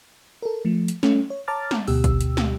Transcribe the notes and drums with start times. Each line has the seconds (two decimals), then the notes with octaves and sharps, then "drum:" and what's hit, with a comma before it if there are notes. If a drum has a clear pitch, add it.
0.42 A4 A#4
0.65 F3 A3
0.88 drum: hi-hat
1.03 A3 C#4, drum: snare
1.30 C#5
1.48 C#5 A5 A#5 D6 F6 A6
1.71 drum: snare
1.88 D2 B2 G4 E6, drum: open hi-hat
2.04 drum: kick, hi-hat
2.21 drum: hi-hat
2.37 drum: snare